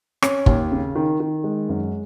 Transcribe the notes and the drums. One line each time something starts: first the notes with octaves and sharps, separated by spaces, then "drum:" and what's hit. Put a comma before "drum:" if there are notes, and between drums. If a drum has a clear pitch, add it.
C#4, drum: rim click
D#2, drum: kick
C#3
D#3
D#3
G#3
F#2